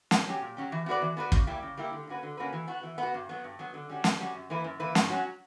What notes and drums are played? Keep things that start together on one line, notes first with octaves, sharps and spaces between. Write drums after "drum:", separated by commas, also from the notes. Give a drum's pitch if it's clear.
A#2, drum: snare
F#3 C#4 G4
A#2
F#3 C#4 G4
E3
B3 F#4 B4 D5
E3
B3 F#4 B4 D5
C#3, drum: kick
G3 A#3 E4 G4
C#3
G3 A#3 E4 G4
D3
A#3 C#4 F#4 B4
D3
A#3 C#4 F#4 B4
E3
B3 F#4
E3
B3
F#4
G2
F#3 B3
G2
F#3 B3
D3
G3 C#4 F#4
D3, drum: snare
G3 C#4 F#4
F#2
E3 A#3 E4 B4
F#2
E3 A#3 E4 B4
G2, drum: snare
F#3 C#4 F#4